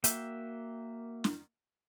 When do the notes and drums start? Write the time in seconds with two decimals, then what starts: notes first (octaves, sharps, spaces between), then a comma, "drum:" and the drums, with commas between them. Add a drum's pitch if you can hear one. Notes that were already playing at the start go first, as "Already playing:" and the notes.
0.04 A#3 F#4 E5 G5, drum: hi-hat
1.24 drum: snare